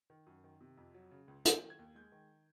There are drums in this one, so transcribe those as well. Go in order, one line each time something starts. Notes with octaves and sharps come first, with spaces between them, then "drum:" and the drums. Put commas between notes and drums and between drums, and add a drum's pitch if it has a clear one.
D#3
F#2
D#3
C3
F2
F#3
C#3
C#2
F#3 G6, drum: hi-hat
D#3
G#6
D#2
G#3 G6
D#3